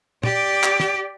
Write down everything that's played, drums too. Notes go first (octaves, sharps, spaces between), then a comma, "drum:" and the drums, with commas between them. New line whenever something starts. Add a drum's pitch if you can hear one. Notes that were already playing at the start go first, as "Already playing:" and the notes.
G4 D5, drum: tom
drum: clap
drum: snare